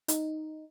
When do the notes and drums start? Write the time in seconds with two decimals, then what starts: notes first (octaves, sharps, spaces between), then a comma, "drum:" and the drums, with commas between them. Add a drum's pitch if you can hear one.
0.08 D#4, drum: hi-hat